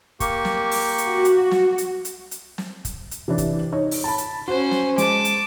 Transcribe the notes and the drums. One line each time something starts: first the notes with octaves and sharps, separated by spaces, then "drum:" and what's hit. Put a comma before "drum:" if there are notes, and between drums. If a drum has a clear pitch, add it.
A#3 G4 C#6, drum: kick, hi-hat
drum: snare
drum: open hi-hat
drum: hi-hat
F#4
drum: hi-hat
drum: snare
drum: hi-hat
drum: hi-hat
drum: hi-hat
drum: snare
drum: kick, hi-hat
drum: hi-hat
C3 E3 D4
drum: kick, hi-hat
D#4 C#5
drum: open hi-hat
A5 B5
drum: hi-hat
C#4 F#4 C5
drum: snare
G#3 A5 D6, drum: hi-hat
drum: hi-hat